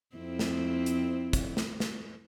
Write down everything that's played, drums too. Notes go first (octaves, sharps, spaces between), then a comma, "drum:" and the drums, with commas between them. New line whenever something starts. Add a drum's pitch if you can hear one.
F2 C4 E4
drum: snare
drum: hi-hat
drum: kick, hi-hat
drum: snare
drum: snare